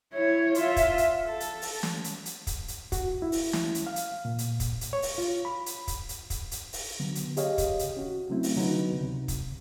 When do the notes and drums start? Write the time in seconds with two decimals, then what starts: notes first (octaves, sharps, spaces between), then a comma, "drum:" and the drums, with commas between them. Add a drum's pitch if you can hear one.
0.13 E4 C#5
0.55 F4 E5, drum: hi-hat
0.76 drum: kick, hi-hat
0.98 drum: hi-hat
1.27 A4
1.40 drum: hi-hat
1.62 drum: open hi-hat
1.83 drum: snare
2.04 drum: hi-hat
2.26 drum: hi-hat
2.47 drum: kick, hi-hat
2.68 drum: hi-hat
2.92 F#4, drum: kick, hi-hat
3.22 E4
3.32 drum: open hi-hat
3.53 drum: snare
3.75 drum: hi-hat
3.87 F5
3.96 drum: hi-hat
4.25 A#2
4.38 drum: hi-hat
4.60 drum: kick, hi-hat
4.81 drum: hi-hat
4.93 C#5
5.02 drum: open hi-hat
5.18 F4
5.45 B5
5.66 drum: hi-hat
5.88 drum: kick, hi-hat
6.09 drum: hi-hat
6.30 drum: kick, hi-hat
6.51 drum: hi-hat
6.73 drum: open hi-hat
7.00 D3 F#3 B3
7.15 drum: hi-hat
7.37 G4 G#4 C#5 D#5 F5, drum: hi-hat
7.58 drum: kick, hi-hat
7.79 drum: hi-hat
7.97 C#4 F#4
8.30 F#3 A3 C4 E4
8.43 drum: open hi-hat
8.56 D3 F#3 B3 D4 D#4 B4
9.00 C#2 C3
9.28 drum: kick, hi-hat